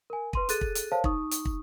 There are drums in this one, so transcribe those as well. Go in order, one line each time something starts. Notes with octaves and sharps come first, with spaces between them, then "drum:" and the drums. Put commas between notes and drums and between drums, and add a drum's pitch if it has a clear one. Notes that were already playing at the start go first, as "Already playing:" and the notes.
A#4 G#5
B4 C6 D#7, drum: kick
G#4 A4 F#6 A6 D#7, drum: hi-hat
drum: kick
drum: hi-hat
A#4 C5 C#5 F5 A5
D#4 C#6 D#6, drum: kick
drum: hi-hat
drum: kick